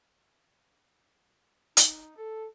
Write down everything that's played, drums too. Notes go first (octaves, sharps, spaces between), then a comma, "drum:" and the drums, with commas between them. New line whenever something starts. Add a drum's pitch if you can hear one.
D#4, drum: hi-hat
A4